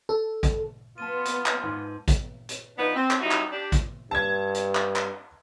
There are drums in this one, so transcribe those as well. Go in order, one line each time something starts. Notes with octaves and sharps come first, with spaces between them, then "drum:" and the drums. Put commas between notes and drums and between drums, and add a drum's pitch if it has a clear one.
A4
drum: kick, hi-hat
B3 F4 A5 C6 D#7
drum: hi-hat
drum: clap
G#2
drum: kick, hi-hat
drum: hi-hat
F3 B3 D4 D#4 B4
C4
drum: clap
G3 D#4 E4 F#4
drum: clap
D4 G4
drum: kick, hi-hat
G2 A5 G#6
drum: hi-hat
drum: clap
drum: clap